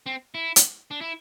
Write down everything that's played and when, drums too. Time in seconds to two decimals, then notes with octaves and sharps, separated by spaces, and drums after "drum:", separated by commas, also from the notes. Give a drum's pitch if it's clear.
0.06 C4
0.35 E4
0.56 drum: hi-hat
0.91 D4
1.01 E4